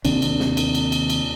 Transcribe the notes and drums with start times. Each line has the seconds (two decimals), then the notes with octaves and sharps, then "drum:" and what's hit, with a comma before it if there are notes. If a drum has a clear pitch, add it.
0.05 D#2 C3 D4, drum: cymbal
0.22 drum: cymbal
0.40 drum: snare
0.57 drum: cymbal
0.75 drum: cymbal
0.92 drum: cymbal
1.10 drum: cymbal